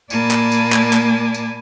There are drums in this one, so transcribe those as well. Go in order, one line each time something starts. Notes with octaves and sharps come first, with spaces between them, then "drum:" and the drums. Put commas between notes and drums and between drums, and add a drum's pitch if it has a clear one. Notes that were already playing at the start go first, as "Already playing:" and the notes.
A#2 A#3 D5 G#5 A5 B5, drum: tambourine
drum: clap
drum: tambourine
drum: clap
drum: clap
drum: tambourine